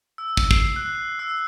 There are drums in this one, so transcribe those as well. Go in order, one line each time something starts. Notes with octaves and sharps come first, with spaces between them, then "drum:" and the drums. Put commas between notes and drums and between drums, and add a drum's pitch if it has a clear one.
E6
drum: kick
C7, drum: kick
F#6
E6